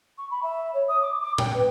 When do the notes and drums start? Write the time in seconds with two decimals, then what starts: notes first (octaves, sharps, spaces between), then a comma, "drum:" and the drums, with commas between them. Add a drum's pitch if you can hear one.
0.18 C#6
0.31 B5
0.42 E5
0.74 C#5
0.88 D#6
1.02 D6
1.21 D6
1.38 G5, drum: tom A#2
1.54 B4